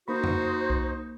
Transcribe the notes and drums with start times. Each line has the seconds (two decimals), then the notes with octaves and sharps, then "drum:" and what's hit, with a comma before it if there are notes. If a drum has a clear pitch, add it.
0.08 A#3 D#4 F#4 C5 B5
0.24 drum: tom F2
0.70 drum: kick C2